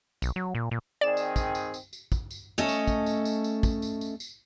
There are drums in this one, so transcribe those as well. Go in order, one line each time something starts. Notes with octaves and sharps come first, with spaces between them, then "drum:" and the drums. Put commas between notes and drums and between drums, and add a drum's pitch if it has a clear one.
B1, drum: tambourine
F#3
A#2
A#2
D#3 C4 G#4 D5 E7
drum: tambourine
drum: kick, tambourine
drum: tambourine
drum: tambourine
drum: tambourine
drum: kick, tambourine
drum: tambourine
A3 C#4 A4 D#5
drum: tambourine
drum: kick, tambourine
drum: tambourine
drum: tambourine
drum: tambourine
drum: kick, tambourine
drum: tambourine
drum: tambourine
drum: tambourine